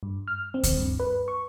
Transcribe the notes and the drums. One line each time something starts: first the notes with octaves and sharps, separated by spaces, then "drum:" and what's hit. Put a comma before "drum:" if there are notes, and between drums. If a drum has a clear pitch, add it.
G2
F6
C4
drum: kick D2, hi-hat
G2
B4
C#6